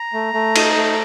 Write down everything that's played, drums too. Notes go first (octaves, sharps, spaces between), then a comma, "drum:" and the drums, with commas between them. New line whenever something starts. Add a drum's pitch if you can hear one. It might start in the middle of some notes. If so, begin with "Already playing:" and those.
Already playing: A#5
A3
A3
D#4, drum: cymbal
A3